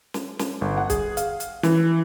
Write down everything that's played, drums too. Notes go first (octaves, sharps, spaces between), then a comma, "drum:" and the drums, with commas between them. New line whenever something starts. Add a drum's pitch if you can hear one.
drum: snare
drum: snare
G1
F#5
G#4, drum: kick, hi-hat
F5, drum: hi-hat
drum: hi-hat
E3, drum: snare